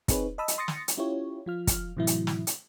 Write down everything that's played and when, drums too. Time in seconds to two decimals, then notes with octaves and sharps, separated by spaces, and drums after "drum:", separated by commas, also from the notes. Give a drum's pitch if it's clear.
0.08 C4 D#4 G#4 B4 C#5, drum: kick, hi-hat
0.38 D#5 A5 B5 D#6 E6
0.48 drum: hi-hat
0.58 C6 D#6 A6 A#6 C#7
0.68 drum: snare
0.88 drum: hi-hat
0.98 C#4 E4 F4 G4 C#5
1.46 F3 F4 F6
1.67 drum: kick, hi-hat
1.97 A2 C3 E3 F#3 E4
2.07 drum: hi-hat
2.27 drum: snare
2.47 drum: hi-hat